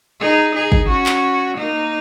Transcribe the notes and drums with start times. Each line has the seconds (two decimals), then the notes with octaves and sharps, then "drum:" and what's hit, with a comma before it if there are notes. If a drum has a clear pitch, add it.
0.20 D#4 G#4
0.55 D#4 G#4
0.72 drum: kick
0.88 C#4 F#4
1.06 drum: clap
1.57 A#3 D#4